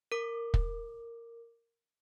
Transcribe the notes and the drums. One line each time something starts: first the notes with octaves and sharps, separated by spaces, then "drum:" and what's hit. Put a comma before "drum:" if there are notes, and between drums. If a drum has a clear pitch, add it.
A#4 D6
drum: kick